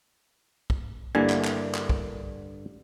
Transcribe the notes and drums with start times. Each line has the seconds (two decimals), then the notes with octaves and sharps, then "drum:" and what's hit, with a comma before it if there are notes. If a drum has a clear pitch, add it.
0.70 drum: kick
1.15 G2 D3 A#3 E4 G#5
1.30 drum: clap
1.45 drum: clap
1.75 drum: clap
1.90 drum: kick